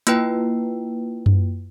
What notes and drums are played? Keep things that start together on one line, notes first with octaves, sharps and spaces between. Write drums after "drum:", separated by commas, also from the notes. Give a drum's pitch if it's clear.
A#3 E4 F4 B4 G5, drum: hi-hat
drum: tom F#2